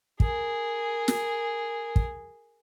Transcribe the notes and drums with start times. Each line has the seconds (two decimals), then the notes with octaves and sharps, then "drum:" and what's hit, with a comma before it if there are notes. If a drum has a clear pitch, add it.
0.20 G#4 A#4, drum: kick
1.08 drum: snare
1.96 drum: kick